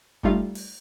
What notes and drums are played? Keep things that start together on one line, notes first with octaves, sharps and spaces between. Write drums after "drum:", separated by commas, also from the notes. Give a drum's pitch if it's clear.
G3 A3 D#4 F4 F5, drum: kick F#1
drum: open hi-hat